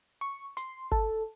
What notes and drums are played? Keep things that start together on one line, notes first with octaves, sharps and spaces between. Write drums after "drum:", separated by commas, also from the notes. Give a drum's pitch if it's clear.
C#6
C6, drum: hi-hat
A4, drum: kick G1